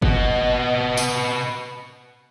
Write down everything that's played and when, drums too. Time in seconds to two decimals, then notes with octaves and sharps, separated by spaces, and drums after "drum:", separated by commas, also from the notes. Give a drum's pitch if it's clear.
0.02 B3 D#5, drum: kick F#1
0.97 drum: tambourine